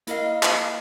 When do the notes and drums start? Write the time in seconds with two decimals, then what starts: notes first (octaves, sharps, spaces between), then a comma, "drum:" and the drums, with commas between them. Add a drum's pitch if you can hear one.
0.07 A#3 E4 A#4 D#5 F5, drum: hi-hat
0.43 drum: clap